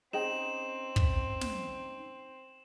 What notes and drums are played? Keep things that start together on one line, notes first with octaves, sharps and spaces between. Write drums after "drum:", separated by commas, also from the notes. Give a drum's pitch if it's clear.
C4 C#4 D#4 G#4 D#5 G5 E7 F#7
drum: kick
drum: snare